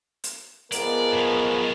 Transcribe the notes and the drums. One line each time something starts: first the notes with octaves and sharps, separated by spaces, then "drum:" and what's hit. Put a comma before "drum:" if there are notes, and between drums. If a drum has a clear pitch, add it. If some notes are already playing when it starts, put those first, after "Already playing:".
drum: hi-hat
F3 G#3 B3 A#4 D5, drum: hi-hat
F#2 A2